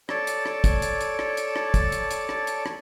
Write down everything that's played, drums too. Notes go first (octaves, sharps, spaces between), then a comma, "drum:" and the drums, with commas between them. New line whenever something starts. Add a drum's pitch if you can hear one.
A4 C#5 D5 A5, drum: rim click
drum: hi-hat
drum: rim click
drum: kick, hi-hat
drum: hi-hat
drum: hi-hat
drum: rim click
drum: hi-hat
drum: rim click
drum: kick, hi-hat
drum: hi-hat
drum: hi-hat
drum: rim click
drum: hi-hat
drum: rim click